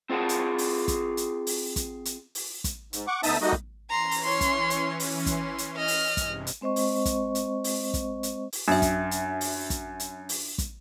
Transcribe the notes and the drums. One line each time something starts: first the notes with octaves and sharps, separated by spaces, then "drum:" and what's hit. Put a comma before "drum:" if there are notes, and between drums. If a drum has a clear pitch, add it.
C4 F4 G#4 F#5 A5
drum: hi-hat
drum: open hi-hat
drum: kick, hi-hat
drum: hi-hat
drum: open hi-hat
drum: kick, hi-hat
drum: hi-hat
drum: open hi-hat
drum: kick, hi-hat
G#2, drum: hi-hat
F#5 C#6 D6
D2 B3 D#4 E5 A5 D#6, drum: open hi-hat
G3 A3 A#3 D#4 F#4 D#5
drum: kick
E3 C#4 A#5 C6
drum: open hi-hat
C#5 C6
drum: kick, hi-hat
drum: hi-hat
drum: open hi-hat
C6, drum: kick, hi-hat
drum: hi-hat
D#5 F6
drum: open hi-hat
G2 C3 G#3, drum: kick, hi-hat
drum: hi-hat
G#3 C4 C5 D#5 C#6
drum: open hi-hat
drum: kick, hi-hat
drum: hi-hat
drum: open hi-hat
drum: kick, hi-hat
drum: hi-hat
drum: open hi-hat
F#2 D4 E5
drum: kick, hi-hat
drum: hi-hat
drum: open hi-hat
drum: kick, hi-hat
drum: hi-hat
drum: open hi-hat
drum: kick, hi-hat